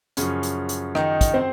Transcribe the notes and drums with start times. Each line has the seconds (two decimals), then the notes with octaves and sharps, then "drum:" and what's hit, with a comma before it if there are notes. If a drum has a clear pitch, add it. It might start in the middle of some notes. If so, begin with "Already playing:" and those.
0.17 F#2 C#3 F3 C#4, drum: hi-hat
0.43 drum: hi-hat
0.69 drum: hi-hat
0.95 D#3 D#4, drum: rim click
1.21 drum: kick, hi-hat
1.34 C4 C5